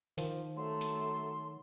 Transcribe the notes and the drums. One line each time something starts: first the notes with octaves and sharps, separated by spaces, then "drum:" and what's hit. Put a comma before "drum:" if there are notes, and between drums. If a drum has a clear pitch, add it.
D#3 F3, drum: hi-hat
F#3 A3 C6
drum: hi-hat